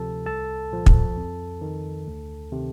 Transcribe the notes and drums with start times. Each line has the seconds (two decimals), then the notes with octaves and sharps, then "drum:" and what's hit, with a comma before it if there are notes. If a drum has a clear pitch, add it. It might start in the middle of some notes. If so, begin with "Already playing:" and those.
Already playing: D2 C3 F3 A4 A5
0.26 C2 A4 A5
0.72 A#2 F3
0.86 drum: kick
1.17 F2
1.61 D#3
2.07 D2
2.52 C3 D#3